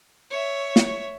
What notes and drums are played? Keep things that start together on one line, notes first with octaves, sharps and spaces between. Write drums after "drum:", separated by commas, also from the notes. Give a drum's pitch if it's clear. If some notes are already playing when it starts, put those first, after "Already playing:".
C#5 E5
drum: snare